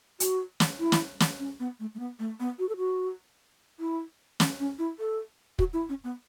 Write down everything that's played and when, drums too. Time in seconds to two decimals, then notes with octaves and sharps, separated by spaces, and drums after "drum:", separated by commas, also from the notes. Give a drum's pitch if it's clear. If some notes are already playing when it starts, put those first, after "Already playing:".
0.20 F#4, drum: hi-hat
0.60 drum: snare
0.80 E4
0.92 drum: snare
1.20 drum: snare
1.39 C#4
1.60 B3
1.80 A3
1.95 A3
2.00 B3
2.19 A3
2.40 B3
2.59 F#4
2.69 A4
2.77 F#4
3.80 E4
4.40 C#4, drum: snare
4.60 C#4
4.79 E4
4.99 A4
5.59 F#4, drum: kick
5.73 E4
5.89 C#4
6.04 B3